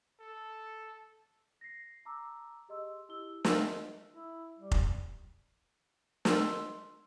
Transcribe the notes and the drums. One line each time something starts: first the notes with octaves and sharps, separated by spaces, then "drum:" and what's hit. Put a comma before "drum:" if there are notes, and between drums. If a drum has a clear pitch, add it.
A4
A#6 C7
A5 A#5 D6 E6
G4 G#4 D#5 C6 E6
E4 G4 E6 G7
E5 F5 C6 E6 A#6, drum: snare
E4
G3
drum: kick F1
C6 E6, drum: snare